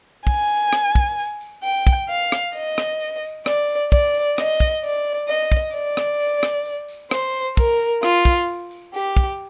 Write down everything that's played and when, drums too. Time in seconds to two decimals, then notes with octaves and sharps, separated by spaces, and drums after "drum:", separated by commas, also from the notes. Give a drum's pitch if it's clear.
0.27 G#5, drum: kick, tambourine
0.50 drum: tambourine
0.73 drum: rim click
0.95 drum: kick, tambourine
1.18 drum: tambourine
1.41 drum: tambourine
1.63 G5, drum: tambourine
1.87 drum: kick, tambourine
2.09 F5, drum: tambourine
2.32 drum: rim click
2.55 D#5, drum: tambourine
2.78 drum: rim click
3.01 drum: tambourine
3.23 drum: tambourine
3.46 D5, drum: rim click
3.69 drum: tambourine
3.92 D5, drum: kick, tambourine
4.15 drum: tambourine
4.38 D#5, drum: rim click
4.60 drum: kick, tambourine
4.84 D5, drum: tambourine
5.06 drum: tambourine
5.28 D#5, drum: tambourine
5.52 drum: kick, tambourine
5.74 D5, drum: tambourine
5.97 drum: rim click
6.20 drum: tambourine
6.43 drum: rim click
6.66 drum: tambourine
6.88 drum: tambourine
7.11 C5, drum: rim click
7.34 drum: tambourine
7.57 A#4, drum: kick, tambourine
7.80 drum: tambourine
8.03 F4, drum: rim click
8.25 drum: kick, tambourine
8.48 drum: tambourine
8.71 drum: tambourine
8.94 G4, drum: tambourine
9.17 drum: kick, tambourine